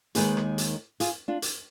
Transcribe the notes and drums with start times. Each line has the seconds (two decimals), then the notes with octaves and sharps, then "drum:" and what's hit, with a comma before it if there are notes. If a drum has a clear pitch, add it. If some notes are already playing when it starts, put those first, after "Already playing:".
0.15 D#2 D#3 G#3 G#4 B4, drum: hi-hat
0.37 drum: rim click
0.58 drum: hi-hat
1.00 F4 G#4, drum: hi-hat
1.28 D4 F4
1.42 drum: hi-hat